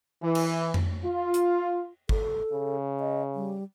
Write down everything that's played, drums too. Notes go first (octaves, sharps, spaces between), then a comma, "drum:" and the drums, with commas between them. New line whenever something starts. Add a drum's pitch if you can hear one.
E3
drum: cymbal
drum: tom F2
F4
drum: hi-hat
A4, drum: kick
C#3
D#5
G3